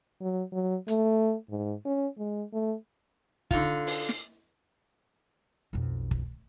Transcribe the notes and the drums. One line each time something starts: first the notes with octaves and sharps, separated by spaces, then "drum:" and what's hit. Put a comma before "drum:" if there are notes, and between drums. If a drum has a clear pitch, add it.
F#3
F#3
A3, drum: hi-hat
G#2
C#4
G#3
A3
D3 D#4 F4, drum: kick
drum: open hi-hat
drum: snare
B1 F2
drum: kick